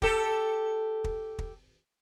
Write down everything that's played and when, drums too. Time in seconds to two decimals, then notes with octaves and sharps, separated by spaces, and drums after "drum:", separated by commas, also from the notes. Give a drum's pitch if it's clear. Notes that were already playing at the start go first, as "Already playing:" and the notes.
0.02 G4 A4, drum: kick
1.04 drum: kick
1.39 drum: kick